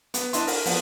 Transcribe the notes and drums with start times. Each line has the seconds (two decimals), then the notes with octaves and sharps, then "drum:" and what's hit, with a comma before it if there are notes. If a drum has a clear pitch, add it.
0.14 B3, drum: hi-hat
0.33 D4 E4 D#5 E5 C6, drum: hi-hat
0.47 A#4, drum: open hi-hat
0.66 F3 B3, drum: open hi-hat